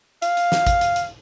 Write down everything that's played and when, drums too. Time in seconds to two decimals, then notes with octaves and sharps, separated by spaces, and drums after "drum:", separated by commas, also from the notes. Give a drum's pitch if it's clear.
0.22 F5, drum: hi-hat
0.37 drum: hi-hat
0.52 drum: snare
0.67 drum: kick A1, hi-hat
0.81 drum: hi-hat
0.96 drum: hi-hat